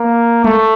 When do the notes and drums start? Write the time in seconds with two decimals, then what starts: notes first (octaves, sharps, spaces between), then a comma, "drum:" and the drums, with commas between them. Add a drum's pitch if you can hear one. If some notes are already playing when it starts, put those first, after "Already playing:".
Already playing: A#3
0.44 A3, drum: tom G3